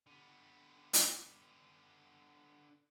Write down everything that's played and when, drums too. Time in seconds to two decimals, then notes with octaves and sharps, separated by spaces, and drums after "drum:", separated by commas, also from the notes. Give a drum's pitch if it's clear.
0.06 D3 B3
0.93 drum: hi-hat